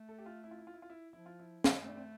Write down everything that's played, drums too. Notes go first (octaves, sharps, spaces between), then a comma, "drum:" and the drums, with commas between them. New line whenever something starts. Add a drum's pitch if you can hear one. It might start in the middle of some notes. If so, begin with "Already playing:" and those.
Already playing: A3
A4
G4
F4
E4
F4
E4
F4
E4
F4
E4
F3 E4
F4
E4
drum: snare
A3 C4
D4
C4